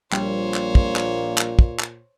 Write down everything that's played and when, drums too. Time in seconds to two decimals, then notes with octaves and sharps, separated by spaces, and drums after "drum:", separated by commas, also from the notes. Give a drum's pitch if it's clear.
0.12 A#1 A#2 G3 C5 C#5, drum: clap
0.54 drum: clap
0.75 drum: kick
0.96 drum: clap
1.38 drum: clap
1.59 drum: kick
1.80 drum: clap